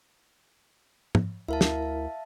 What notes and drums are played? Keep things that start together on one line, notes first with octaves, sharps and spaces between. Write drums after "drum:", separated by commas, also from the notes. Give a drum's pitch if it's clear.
drum: tom G#2
D2 E4 A#4 E5 F5 A5
drum: snare